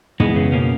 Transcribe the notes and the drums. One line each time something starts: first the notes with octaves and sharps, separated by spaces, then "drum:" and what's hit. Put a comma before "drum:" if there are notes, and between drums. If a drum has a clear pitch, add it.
E3 G#3 B3, drum: tom
C#3
B2 A#3 C#4